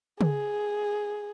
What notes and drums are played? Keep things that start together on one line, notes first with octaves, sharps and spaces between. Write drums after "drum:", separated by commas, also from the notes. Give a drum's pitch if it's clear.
G#4, drum: tom C#3